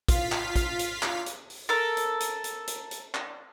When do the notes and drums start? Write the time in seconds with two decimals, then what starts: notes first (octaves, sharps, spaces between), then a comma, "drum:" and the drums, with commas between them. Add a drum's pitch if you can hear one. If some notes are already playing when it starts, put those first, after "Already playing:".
0.08 F4 F5 B6, drum: kick, hi-hat
0.32 drum: clap
0.56 drum: kick, hi-hat
0.79 drum: hi-hat
1.03 drum: clap
1.26 drum: hi-hat
1.50 drum: open hi-hat
1.69 A4 A#4
1.97 drum: hi-hat
2.20 drum: hi-hat
2.44 drum: hi-hat
2.67 drum: hi-hat
2.91 drum: hi-hat
3.15 drum: clap